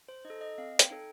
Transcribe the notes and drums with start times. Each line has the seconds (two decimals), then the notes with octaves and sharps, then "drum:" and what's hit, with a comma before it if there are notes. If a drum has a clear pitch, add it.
0.08 C5
0.25 D#4 D#5
0.30 A4
0.41 D#5
0.58 C4 F5
0.79 G5, drum: hi-hat
0.91 D#4 A4